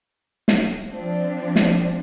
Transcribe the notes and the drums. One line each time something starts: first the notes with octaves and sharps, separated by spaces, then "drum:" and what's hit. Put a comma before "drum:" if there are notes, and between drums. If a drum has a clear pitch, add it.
drum: snare
F3 C4 D4
drum: snare